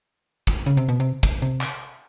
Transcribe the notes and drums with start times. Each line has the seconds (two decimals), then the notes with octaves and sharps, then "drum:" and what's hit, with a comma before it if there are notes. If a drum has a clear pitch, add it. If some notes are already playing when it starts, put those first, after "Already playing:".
0.47 drum: kick, hi-hat
0.66 C#3
0.77 C3
0.89 B2
1.00 C3
1.23 drum: kick, hi-hat
1.42 C3
1.61 drum: clap